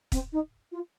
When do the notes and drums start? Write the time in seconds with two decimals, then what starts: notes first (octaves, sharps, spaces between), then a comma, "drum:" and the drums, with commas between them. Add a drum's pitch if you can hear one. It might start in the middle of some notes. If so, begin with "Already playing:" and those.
0.12 C4, drum: kick, hi-hat
0.32 D#4
0.72 F4